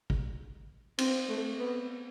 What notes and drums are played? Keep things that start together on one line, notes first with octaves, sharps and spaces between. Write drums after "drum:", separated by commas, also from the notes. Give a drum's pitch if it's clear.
drum: kick
C4, drum: cymbal
A3
B3